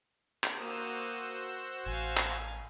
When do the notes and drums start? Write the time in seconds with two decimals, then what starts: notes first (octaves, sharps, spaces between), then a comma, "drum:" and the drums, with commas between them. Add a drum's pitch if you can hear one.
0.44 drum: clap
0.58 A#3 F#4 C5 D#6 E6
1.86 A1 F5 G#5
2.17 drum: clap